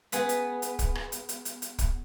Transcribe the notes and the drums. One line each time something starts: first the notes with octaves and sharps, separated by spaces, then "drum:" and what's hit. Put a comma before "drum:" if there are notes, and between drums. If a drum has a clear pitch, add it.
B3 G#4 B4, drum: hi-hat
drum: hi-hat
drum: hi-hat
drum: kick, hi-hat
drum: rim click
drum: hi-hat
drum: hi-hat
drum: hi-hat
drum: hi-hat
drum: kick, hi-hat